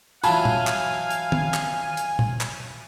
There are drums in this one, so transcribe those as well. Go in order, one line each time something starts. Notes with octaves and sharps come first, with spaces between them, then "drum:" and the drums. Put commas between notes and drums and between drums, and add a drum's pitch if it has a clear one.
E3 F#3 F4 F5 G#5 A5 B5, drum: hi-hat
drum: tom
drum: clap
drum: hi-hat
drum: tom
drum: clap
drum: hi-hat
drum: tom
drum: clap